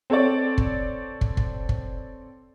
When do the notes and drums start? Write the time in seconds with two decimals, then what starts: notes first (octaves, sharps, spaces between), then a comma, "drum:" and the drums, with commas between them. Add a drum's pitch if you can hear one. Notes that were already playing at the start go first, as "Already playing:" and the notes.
0.10 C4 A4 C#5 D5
0.58 drum: kick
1.21 drum: kick
1.37 drum: kick
1.69 drum: kick